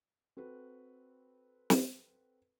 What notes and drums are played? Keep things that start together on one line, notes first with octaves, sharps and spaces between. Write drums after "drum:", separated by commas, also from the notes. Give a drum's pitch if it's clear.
C4 F#4 A4 B4
drum: snare